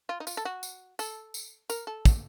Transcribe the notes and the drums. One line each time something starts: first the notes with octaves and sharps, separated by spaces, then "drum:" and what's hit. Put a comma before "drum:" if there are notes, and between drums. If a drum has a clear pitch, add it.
F4
D#4
F4, drum: tambourine
A4
F#4
drum: tambourine
A4, drum: tambourine
drum: tambourine
A#4, drum: tambourine
A4
drum: kick, tambourine